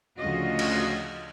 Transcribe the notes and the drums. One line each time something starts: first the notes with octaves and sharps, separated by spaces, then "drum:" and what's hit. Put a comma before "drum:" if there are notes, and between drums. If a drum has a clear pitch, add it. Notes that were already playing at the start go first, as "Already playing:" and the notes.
D2 C#3 F3 F4 F#4 D#5
drum: cymbal